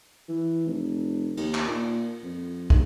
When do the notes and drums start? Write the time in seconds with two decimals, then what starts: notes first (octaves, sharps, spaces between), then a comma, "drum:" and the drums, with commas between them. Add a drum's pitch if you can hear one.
0.28 E3
0.67 F1
1.37 D#2, drum: cymbal
1.54 drum: clap
1.68 A#2
2.23 F2
2.70 D#2, drum: kick